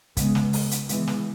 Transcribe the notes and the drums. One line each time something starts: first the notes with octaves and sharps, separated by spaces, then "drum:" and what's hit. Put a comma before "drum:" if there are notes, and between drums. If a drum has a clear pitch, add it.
C#3 G#3 B3, drum: kick, hi-hat
drum: snare
drum: open hi-hat
drum: hi-hat
E3 G#3 B3, drum: hi-hat
drum: snare